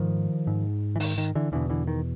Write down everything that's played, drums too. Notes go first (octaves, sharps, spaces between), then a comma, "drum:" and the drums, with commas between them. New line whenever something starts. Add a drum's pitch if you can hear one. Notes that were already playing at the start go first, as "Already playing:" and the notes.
Already playing: G#2 D#3 F3
G#2
E3
D#3, drum: open hi-hat
D#3
D3 E3
E2 B2 D3 E3
D3 E3
D#3